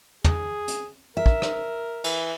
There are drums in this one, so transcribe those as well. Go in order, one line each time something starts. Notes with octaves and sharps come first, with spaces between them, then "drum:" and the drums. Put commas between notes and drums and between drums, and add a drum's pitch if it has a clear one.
G#4, drum: tom
drum: hi-hat
A#4 E5
drum: kick
drum: rim click
E3, drum: cymbal